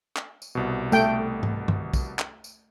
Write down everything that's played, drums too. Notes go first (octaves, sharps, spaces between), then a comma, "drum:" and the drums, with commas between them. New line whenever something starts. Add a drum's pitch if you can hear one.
drum: clap
drum: tambourine
C2 B2
A3 G5, drum: tambourine
drum: tom G#2
drum: tom G2
drum: kick, tambourine
drum: clap
drum: tambourine